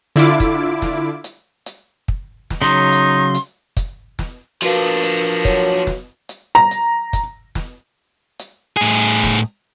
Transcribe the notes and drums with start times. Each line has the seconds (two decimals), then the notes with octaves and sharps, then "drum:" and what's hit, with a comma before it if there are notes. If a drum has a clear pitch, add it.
0.16 D3 E4 F4 D6
0.40 drum: kick, hi-hat
0.82 drum: snare
1.24 drum: hi-hat
1.66 drum: hi-hat
2.08 drum: kick
2.50 drum: snare
2.62 C#3 F#3 D#4 C6
2.92 drum: hi-hat
3.35 drum: hi-hat
3.77 drum: kick, hi-hat
4.19 drum: snare
4.62 F3 D4 F#4 A#4 B4 F5, drum: hi-hat
5.03 drum: hi-hat
5.45 F#3, drum: kick, hi-hat
5.87 drum: snare
6.29 drum: hi-hat
6.55 A#5
6.71 drum: hi-hat
7.13 drum: kick, hi-hat
7.55 drum: snare
8.39 drum: hi-hat
8.77 A2 G#4
9.24 drum: snare